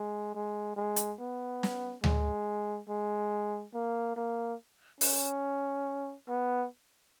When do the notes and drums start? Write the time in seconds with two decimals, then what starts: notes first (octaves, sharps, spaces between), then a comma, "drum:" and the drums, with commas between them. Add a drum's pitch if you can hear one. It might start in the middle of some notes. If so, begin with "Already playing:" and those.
Already playing: G#3
0.35 G#3
0.76 G#3
0.96 drum: hi-hat
1.19 B3
1.63 drum: snare
2.04 G#3, drum: tom D2
2.89 G#3
3.74 A#3
4.16 A#3
5.01 C#4, drum: open hi-hat
6.29 B3